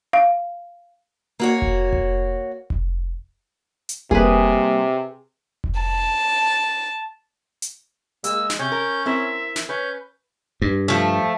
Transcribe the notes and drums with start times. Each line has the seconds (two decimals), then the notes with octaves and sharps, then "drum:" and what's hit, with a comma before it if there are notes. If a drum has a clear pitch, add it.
0.13 F5
1.40 A#3 F#4 C#5
1.62 drum: kick F1
1.93 drum: kick F1
2.70 drum: kick F1
3.89 drum: hi-hat
4.11 C3 G3 A#3 G#4 B4, drum: kick F1
5.64 drum: kick F1
5.80 A5
7.62 drum: hi-hat
8.24 G#3 A#3 E6, drum: hi-hat
8.50 drum: snare
8.59 C3 C#4 G6
8.72 A#4
9.06 C4 E4 A#4 E5
9.56 drum: snare
9.69 C#4 B4 G6
10.62 G2
10.88 F3 A3